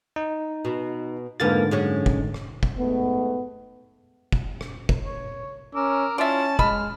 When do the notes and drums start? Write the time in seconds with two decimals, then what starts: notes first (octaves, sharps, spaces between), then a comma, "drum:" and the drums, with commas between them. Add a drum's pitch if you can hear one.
0.16 D#4
0.65 B2
1.40 F2 G#2 D3 A#3 B3 A6
1.71 F#2 G#3 C#4
2.06 drum: kick
2.34 drum: rim click
2.63 drum: kick
2.78 G#2 A3 B3
4.32 drum: kick
4.61 drum: rim click
4.89 drum: kick
5.04 C#5
5.75 C#4 A#4 D6 E6
6.18 C#4 E4 F4 D5 E5 A5
6.59 G#3 D#5 B5 F6, drum: kick